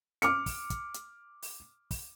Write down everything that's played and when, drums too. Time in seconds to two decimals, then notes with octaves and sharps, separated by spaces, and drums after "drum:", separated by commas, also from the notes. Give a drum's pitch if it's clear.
0.22 D6 F6 C#7, drum: hi-hat
0.46 drum: kick, open hi-hat
0.70 drum: kick, hi-hat
0.94 drum: hi-hat
1.42 drum: open hi-hat
1.91 drum: kick, open hi-hat